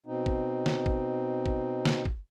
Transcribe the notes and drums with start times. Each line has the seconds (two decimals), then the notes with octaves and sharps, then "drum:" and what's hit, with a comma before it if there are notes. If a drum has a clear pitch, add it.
0.06 B2 C4 D#4
0.26 drum: kick
0.66 drum: snare
0.86 drum: kick
1.46 drum: kick
1.85 drum: snare
2.05 drum: kick